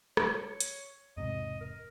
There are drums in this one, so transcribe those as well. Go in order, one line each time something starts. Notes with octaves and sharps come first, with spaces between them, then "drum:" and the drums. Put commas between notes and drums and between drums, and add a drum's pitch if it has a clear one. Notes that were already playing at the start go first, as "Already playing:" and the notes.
C#5, drum: rim click
drum: hi-hat
E1 G#2 C3 D#5
A#4